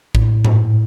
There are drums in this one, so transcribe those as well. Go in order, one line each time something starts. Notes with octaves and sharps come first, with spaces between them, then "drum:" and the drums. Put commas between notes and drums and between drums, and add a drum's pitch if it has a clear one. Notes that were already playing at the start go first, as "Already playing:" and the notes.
A2, drum: kick A1
drum: tom G#2